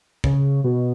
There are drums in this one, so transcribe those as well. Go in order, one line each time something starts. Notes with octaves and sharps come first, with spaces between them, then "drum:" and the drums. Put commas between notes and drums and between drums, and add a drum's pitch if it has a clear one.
C#3, drum: kick
B2